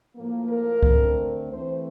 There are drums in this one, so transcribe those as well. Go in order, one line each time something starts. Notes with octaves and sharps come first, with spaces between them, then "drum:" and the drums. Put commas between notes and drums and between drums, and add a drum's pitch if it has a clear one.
A2 F3 A#3
A#4
D3 A3 C4, drum: kick C#2
E3 A3 C4 C5